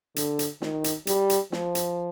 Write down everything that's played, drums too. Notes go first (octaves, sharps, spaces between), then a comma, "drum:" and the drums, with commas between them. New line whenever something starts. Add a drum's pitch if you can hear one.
D3, drum: hi-hat
drum: hi-hat
D#3, drum: snare
drum: hi-hat
G3, drum: hi-hat
drum: hi-hat
F3, drum: snare
drum: hi-hat